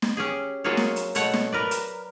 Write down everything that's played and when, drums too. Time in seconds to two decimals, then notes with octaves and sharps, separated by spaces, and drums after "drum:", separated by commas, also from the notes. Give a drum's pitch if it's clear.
0.02 drum: snare
0.17 C#4 G4 G#4
0.64 F#3 A#3 F4 F#4 G#4 C#5
0.77 drum: snare
0.96 drum: hi-hat
1.15 B2 A3 C#5 F#5, drum: hi-hat
1.34 drum: snare
1.52 A#4 B4 D5
1.71 drum: hi-hat